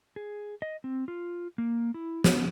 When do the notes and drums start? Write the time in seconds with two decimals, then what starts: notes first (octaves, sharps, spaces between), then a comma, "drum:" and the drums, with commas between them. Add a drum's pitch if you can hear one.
0.16 G#4
0.62 D#5
0.84 C4
1.08 F4
1.58 A#3
1.94 E4
2.24 B3, drum: snare